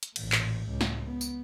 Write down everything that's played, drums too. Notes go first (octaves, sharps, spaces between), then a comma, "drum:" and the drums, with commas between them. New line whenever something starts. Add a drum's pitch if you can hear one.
drum: hi-hat
A1 A#2, drum: cymbal
drum: clap
C#2 A2
drum: snare
B3
drum: tambourine